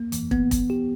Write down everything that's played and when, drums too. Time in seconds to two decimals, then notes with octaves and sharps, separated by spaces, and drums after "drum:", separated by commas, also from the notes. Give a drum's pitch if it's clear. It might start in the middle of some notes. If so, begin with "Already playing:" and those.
Already playing: A#3
0.12 E3, drum: hi-hat
0.31 B3, drum: kick
0.51 B3, drum: kick, hi-hat
0.70 G4